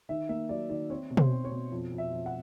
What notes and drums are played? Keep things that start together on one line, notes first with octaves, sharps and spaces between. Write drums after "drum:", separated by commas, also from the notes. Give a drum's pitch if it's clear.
D#3 E5
A#3 E5
F#3 D5
D#3 D5
C4 C#5
B2
C5, drum: tom B2
C4
C#5
B2
F2
F2
E5
F2
F#5